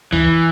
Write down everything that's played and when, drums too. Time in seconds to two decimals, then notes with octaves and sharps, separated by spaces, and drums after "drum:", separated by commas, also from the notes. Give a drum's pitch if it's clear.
0.13 E3, drum: kick C#2